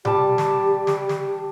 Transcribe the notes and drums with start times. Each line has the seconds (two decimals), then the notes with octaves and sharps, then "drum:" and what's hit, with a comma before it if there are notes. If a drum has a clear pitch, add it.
0.05 G3 G4 A5, drum: tom B2
0.38 drum: snare
0.87 drum: snare
1.09 drum: snare